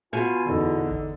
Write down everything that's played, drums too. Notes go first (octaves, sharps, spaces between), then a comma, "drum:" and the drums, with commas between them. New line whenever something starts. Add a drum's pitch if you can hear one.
B2 F4 G#5
E2 D3 D#4 A4
drum: kick G1